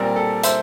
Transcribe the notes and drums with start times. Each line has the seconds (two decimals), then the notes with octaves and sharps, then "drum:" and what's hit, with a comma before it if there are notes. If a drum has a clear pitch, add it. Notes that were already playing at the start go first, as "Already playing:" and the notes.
Already playing: A#2 G3 C4 A#4 D5
0.16 A4
0.44 C5 E5, drum: hi-hat